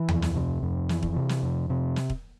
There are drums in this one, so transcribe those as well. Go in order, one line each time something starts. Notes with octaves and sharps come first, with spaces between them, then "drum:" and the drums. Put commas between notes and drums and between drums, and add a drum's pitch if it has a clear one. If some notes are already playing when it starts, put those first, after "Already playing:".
Already playing: E3
F2, drum: tom D#2
drum: snare
C3
F2
E3, drum: snare
drum: kick
C3
drum: snare
F2
C3
drum: snare
drum: kick